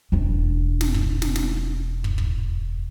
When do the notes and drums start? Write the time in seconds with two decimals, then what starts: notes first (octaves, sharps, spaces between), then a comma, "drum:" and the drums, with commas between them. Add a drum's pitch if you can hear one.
0.12 E1 D4
0.81 drum: snare
0.94 drum: kick
1.22 drum: snare
1.36 drum: snare
2.04 drum: kick
2.18 drum: kick